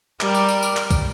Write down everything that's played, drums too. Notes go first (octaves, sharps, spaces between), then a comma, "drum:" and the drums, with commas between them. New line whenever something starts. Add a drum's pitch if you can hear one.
G3 G4 A#4, drum: clap
drum: tambourine
drum: tambourine
drum: tambourine
drum: clap
drum: kick, tambourine